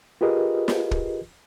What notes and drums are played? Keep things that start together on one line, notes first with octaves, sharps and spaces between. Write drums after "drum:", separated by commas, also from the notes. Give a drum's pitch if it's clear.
F4 G4 G#4 A#4 B4 D#5
drum: snare
drum: kick